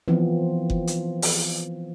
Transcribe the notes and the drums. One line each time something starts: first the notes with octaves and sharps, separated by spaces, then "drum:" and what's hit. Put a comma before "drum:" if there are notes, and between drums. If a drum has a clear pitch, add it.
E3 F3 B3 C4
drum: kick F#1
drum: hi-hat
drum: open hi-hat